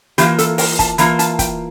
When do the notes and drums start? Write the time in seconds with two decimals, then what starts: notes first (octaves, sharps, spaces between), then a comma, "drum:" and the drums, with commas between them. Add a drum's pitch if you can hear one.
0.18 E3 A#3 F4 G4, drum: hi-hat
0.39 A4, drum: hi-hat
0.58 A#4, drum: open hi-hat
0.79 A5, drum: kick, hi-hat
0.98 E3 A#3 F4 A#5, drum: hi-hat
1.19 A5, drum: hi-hat
1.39 G5, drum: kick, hi-hat